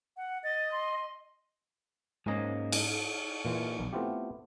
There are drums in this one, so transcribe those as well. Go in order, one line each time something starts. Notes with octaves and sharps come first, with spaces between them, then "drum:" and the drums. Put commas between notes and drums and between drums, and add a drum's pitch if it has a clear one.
F#5
D#5 A6
C6
G#2 G#3 A#3 C#4 D#5
drum: cymbal
A#2 E3 F4
B1
A3 B3 C4 E4 F4 G4